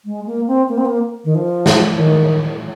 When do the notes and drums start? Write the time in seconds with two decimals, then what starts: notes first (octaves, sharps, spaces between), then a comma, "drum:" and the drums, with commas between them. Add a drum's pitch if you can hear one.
0.05 G#3
0.26 A#3
0.47 C4
0.69 A#3
0.78 C4
0.85 A#3
1.24 D#3
1.35 F3
1.66 drum: snare
1.94 F3
1.99 D#3